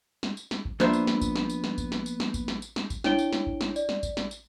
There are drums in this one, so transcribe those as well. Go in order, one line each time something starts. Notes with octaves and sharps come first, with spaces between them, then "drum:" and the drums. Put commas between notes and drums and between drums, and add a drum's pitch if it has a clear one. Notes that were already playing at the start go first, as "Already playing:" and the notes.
drum: snare
drum: tambourine
drum: snare
drum: kick A1
F3 A#3 B3 D4 C5 E5, drum: snare
drum: tambourine
drum: snare
drum: kick A1, tambourine
drum: snare
drum: tambourine
drum: snare
drum: kick A1, tambourine
drum: snare
drum: tambourine
drum: snare
drum: kick A1, tambourine
drum: snare
drum: tambourine
drum: snare
drum: kick A1, tambourine
D4 E4 C#5 D7 G7, drum: snare
drum: tambourine
drum: snare
drum: kick A1
drum: snare
D5, drum: tambourine
drum: snare
drum: kick A1, tambourine
drum: snare
drum: tambourine